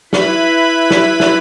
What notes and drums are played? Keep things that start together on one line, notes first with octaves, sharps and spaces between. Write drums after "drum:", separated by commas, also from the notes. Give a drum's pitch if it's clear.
E4 B4 B5, drum: snare
drum: snare
drum: snare